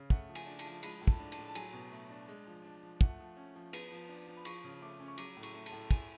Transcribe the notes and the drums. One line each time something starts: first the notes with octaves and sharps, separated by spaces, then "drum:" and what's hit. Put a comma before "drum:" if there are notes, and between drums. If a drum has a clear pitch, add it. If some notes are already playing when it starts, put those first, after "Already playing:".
Already playing: C#3
A3 F#5, drum: kick
F3
G#5, drum: cymbal
D4
A5, drum: cymbal
F3
G#3 B5, drum: cymbal
A2
A5, drum: kick
D4
A5, drum: cymbal
A2
A5
F#3 G#5, drum: cymbal
B2
A3
D4
G#3
F3
D4
F3
A3 F#5, drum: kick
F3
C#4
F3
B3, drum: cymbal
F3
D4
F3
B5
F3 C#6, drum: cymbal
C#3
A3 D6
C#4
C#6
F#3 D6, drum: cymbal
A2
C#6, drum: cymbal
A3
A5, drum: cymbal
A2
A3 G#5, drum: kick, cymbal